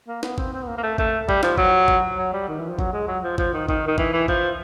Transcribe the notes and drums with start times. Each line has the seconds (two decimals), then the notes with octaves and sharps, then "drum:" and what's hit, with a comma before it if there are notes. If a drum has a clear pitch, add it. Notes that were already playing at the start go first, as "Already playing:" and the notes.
0.08 A#3
0.23 B3, drum: snare
0.38 C4, drum: kick
0.53 C4
0.63 B3
0.67 A#3
0.77 A#3
0.83 A3
0.98 A3, drum: kick
1.29 G3, drum: kick
1.43 F3, drum: snare
1.57 F#3, drum: kick
1.88 drum: kick
2.18 F#3
2.33 G3
2.48 D#3
2.59 E3
2.69 F3
2.79 F#3, drum: kick
2.93 G#3
3.08 F#3
3.23 F3
3.38 F3, drum: kick
3.53 D#3
3.69 D#3, drum: kick
3.88 D#3
3.98 E3, drum: kick
4.13 E3
4.28 F3, drum: kick